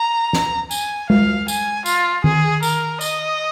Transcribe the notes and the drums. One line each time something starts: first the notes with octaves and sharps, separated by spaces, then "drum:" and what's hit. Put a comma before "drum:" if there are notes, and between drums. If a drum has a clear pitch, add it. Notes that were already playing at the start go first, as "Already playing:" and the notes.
Already playing: A#5
drum: snare
G#5, drum: tambourine
F5, drum: tom G#3
G#5, drum: tambourine
F4, drum: tambourine
G#4, drum: tom D#3
A#4, drum: tambourine
D#5, drum: tambourine